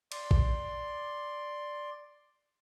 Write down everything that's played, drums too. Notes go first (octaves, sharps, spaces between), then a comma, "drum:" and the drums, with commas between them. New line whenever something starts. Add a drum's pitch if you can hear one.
D5 C6, drum: cymbal
drum: kick A1